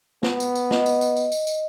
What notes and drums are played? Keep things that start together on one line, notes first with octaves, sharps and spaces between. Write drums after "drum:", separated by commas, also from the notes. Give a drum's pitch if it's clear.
B3, drum: snare
drum: tambourine
drum: tambourine
D#5, drum: snare
drum: tambourine
drum: tambourine
drum: tambourine
drum: tambourine
drum: tambourine